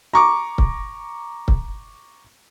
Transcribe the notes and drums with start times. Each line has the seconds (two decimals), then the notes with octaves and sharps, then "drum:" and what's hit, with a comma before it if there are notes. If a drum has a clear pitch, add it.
0.13 A#5 C#6 D6
0.58 drum: kick C#1
1.48 drum: kick C#1